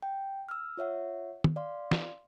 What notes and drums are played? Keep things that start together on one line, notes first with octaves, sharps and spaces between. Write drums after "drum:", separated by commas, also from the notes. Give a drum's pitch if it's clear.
G5
E6 F6
F4 C#5 E5 F#5
drum: tom
D5 F5 C6
drum: snare